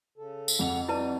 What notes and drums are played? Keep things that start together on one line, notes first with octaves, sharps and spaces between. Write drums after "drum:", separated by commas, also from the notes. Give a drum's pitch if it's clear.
C#3 A4
drum: tambourine
F2 F#5 F7
G3 D#4 E4 F#4 B4 D5 A5